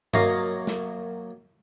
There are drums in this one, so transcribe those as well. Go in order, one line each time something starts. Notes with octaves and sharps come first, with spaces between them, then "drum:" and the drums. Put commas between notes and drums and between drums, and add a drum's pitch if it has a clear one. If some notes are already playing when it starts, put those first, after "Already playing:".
F#2 F#3 A#3 D#5 F5 A#5, drum: tom G2
drum: snare